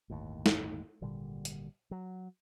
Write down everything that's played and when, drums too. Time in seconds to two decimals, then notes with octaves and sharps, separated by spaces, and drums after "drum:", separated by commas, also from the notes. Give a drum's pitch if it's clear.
0.10 G1 D#2 A2
0.46 drum: snare
1.01 G#1 A#2 D3 G3
1.45 drum: hi-hat
1.91 F#3